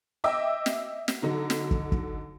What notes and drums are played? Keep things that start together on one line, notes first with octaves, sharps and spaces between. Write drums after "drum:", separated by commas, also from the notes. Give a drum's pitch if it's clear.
D#5 E5 G5 D6 E6
drum: snare
drum: snare
D3 F#3 D#4
drum: snare
drum: kick
drum: kick